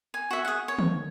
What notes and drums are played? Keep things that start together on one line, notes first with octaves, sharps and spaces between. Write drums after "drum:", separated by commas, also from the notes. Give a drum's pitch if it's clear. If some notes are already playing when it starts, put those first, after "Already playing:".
G#5
F#4 E5
G#4 F#5
C#5
drum: tom